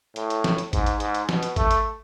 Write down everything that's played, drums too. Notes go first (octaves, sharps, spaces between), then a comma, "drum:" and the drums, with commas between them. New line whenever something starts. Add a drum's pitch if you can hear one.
A2, drum: hi-hat
drum: hi-hat
drum: snare
drum: hi-hat
G#2, drum: kick G#1, hi-hat
drum: hi-hat
G#2, drum: hi-hat
drum: hi-hat
B2, drum: snare
drum: hi-hat
A3, drum: kick G#1, hi-hat
drum: hi-hat